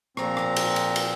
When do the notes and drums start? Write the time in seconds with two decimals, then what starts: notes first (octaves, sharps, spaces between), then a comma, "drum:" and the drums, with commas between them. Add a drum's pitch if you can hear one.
0.17 A#2 F3 C4 A#5, drum: rim click
0.37 drum: rim click
0.56 drum: cymbal
0.76 drum: cymbal
0.96 drum: cymbal